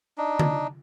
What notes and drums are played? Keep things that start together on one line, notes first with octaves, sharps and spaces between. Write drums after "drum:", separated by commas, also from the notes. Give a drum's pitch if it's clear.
D4 D#4
drum: tom D3